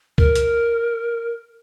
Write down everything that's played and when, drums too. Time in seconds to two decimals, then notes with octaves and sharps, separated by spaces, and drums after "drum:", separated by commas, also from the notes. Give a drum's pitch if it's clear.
0.18 A#4, drum: kick C#2
0.36 drum: hi-hat